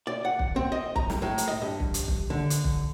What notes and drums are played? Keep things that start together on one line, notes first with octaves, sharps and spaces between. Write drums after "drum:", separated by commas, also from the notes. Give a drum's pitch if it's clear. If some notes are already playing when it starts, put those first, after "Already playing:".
D5
F#5
drum: kick
C4
D#5
A#5, drum: kick
drum: snare
A2
drum: hi-hat
D#5
G2
drum: kick
drum: hi-hat
drum: kick
D3
drum: hi-hat
drum: kick